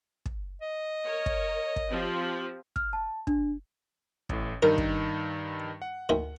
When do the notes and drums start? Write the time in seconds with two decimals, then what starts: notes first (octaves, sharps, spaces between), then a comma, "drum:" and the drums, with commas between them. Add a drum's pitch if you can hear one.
0.26 drum: kick
0.62 D#5
1.04 A#4 C#5
1.26 drum: kick
1.76 drum: kick
1.89 F3 C4 G4
2.76 F6, drum: kick
2.93 A5
3.27 D4, drum: kick
4.29 A1 A2, drum: kick
4.63 G2 D#3 D#4 A#4
4.78 drum: kick
5.82 F#5
6.09 D2 D#3